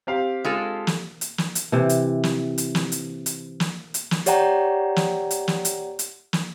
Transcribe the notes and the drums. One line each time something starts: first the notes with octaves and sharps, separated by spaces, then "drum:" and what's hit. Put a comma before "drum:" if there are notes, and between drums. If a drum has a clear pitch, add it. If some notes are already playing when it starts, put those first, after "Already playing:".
C4 G4 F5
G#3 F4 A4
drum: snare
drum: hi-hat
drum: snare
drum: hi-hat
C3 E3
drum: hi-hat
drum: snare
drum: hi-hat
drum: snare
drum: hi-hat
drum: hi-hat
drum: snare
drum: hi-hat
drum: snare
G4 C#5 D5 F#5 G5 A#5, drum: hi-hat
drum: snare
drum: hi-hat
drum: snare
drum: hi-hat
drum: hi-hat
drum: snare